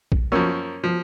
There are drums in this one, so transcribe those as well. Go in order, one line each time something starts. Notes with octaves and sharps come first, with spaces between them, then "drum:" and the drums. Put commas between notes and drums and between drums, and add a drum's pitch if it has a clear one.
drum: kick A#1
F#2 F3 A#3 C#4
F3